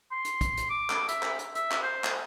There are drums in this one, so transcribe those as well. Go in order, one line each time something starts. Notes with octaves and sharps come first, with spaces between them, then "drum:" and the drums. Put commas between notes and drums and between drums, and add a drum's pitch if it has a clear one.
C6
drum: hi-hat
drum: kick, hi-hat
drum: hi-hat
D6
drum: clap
E5, drum: hi-hat
drum: clap
drum: hi-hat
E5, drum: hi-hat
drum: clap
C5
drum: clap